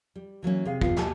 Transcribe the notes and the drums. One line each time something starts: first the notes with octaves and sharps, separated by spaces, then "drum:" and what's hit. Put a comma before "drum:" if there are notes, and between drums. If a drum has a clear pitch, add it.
G3
E3 F#3 A#3 C#4
C3 G#4 F5
E2 G2 B3 F4, drum: kick
D#2 B2 A#3 G4 G#5 A5, drum: snare